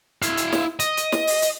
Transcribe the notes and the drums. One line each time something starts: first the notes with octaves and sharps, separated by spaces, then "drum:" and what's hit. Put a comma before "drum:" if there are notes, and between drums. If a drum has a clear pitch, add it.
E4 F5, drum: hi-hat
drum: hi-hat
drum: snare
D#5, drum: hi-hat
drum: hi-hat
drum: snare
drum: open hi-hat
drum: hi-hat